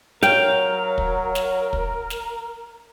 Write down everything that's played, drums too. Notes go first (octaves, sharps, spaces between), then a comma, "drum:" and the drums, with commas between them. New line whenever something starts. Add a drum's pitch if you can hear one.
F#3 A#4 F5 G5, drum: snare
drum: kick
drum: snare
drum: kick
drum: snare